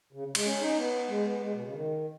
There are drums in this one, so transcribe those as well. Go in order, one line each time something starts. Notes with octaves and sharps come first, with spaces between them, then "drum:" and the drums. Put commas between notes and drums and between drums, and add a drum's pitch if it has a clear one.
C#3
G#3, drum: cymbal
C#4
D#4
B3
G#3
B3
G#3
B2
C#3
D#3